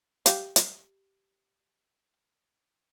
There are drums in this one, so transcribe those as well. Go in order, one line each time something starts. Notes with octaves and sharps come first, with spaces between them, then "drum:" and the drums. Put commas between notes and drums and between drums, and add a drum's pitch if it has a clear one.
G4 F5, drum: hi-hat
drum: hi-hat